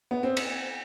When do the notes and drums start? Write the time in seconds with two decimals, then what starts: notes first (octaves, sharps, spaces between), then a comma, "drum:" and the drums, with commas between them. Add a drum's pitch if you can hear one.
0.11 B3
0.23 C4
0.37 drum: cymbal